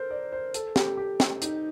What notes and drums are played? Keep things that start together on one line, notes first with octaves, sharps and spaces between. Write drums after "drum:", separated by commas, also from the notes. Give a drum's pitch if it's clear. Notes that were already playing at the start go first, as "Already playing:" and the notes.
Already playing: A4 A#4 C5
D5
C5
A4, drum: hi-hat
G4, drum: snare
G4
drum: snare
D#4, drum: hi-hat